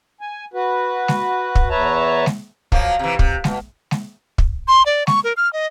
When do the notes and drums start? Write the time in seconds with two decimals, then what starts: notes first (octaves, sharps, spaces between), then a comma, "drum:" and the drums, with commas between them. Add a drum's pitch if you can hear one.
0.21 G#5
0.54 F#4 B4
1.08 drum: snare G#3
1.55 drum: kick
1.70 E2 B4 C#5 E5 A5 A#5
2.26 drum: snare G#3
2.72 F3 F#3 A#3, drum: kick
2.99 C3 E3
3.19 C3, drum: kick
3.44 B2, drum: snare G#3
3.91 drum: snare G#3
4.38 drum: kick
4.68 C6
4.86 D5
5.07 C#6, drum: snare G#3
5.24 A#4
5.37 F6
5.53 D#5